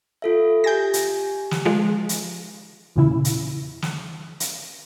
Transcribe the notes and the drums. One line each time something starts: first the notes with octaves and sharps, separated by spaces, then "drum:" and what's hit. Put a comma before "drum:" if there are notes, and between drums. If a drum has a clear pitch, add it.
F4 A4 E5
G4 G#5 G6 A#6
drum: hi-hat
drum: snare
F3 G#3
drum: hi-hat
E2 A#2 C#3 E4
drum: hi-hat
drum: snare
drum: hi-hat